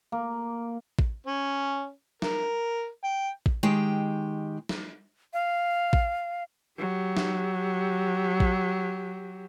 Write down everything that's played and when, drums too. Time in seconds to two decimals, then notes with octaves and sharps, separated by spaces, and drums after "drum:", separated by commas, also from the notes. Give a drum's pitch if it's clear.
0.12 A#3
0.99 drum: kick A1
1.26 C#4
2.22 A#4, drum: snare
3.04 G5
3.46 drum: kick A1
3.63 D#3 G#3 G4 G5
4.69 drum: snare
5.33 F5
5.93 drum: kick A1
6.78 F#3 G4
7.17 drum: snare
8.40 drum: kick A1